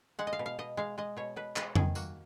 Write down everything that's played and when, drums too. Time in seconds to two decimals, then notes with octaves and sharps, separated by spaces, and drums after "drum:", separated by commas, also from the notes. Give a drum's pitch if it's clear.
0.19 G#3 F#5
0.27 D#5
0.33 F5
0.39 B2
0.46 F5
0.59 B2 D#5
0.77 G#3 F5
0.98 G#3 D#5
1.17 B2 C#5
1.36 B2 B4
1.56 G#3 B4, drum: clap
1.75 D#3 G#4, drum: tom F2
1.95 A#3 F#4, drum: tambourine